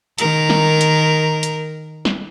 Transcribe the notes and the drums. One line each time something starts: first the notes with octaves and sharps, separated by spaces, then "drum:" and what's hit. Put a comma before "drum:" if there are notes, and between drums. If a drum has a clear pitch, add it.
D#3 A#4, drum: hi-hat
drum: snare
drum: hi-hat
drum: hi-hat
drum: snare